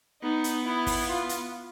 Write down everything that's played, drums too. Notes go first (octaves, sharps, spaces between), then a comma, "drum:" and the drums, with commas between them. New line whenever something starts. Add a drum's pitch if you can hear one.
B3 D#4
drum: hi-hat
E4
drum: kick, open hi-hat
F4
drum: hi-hat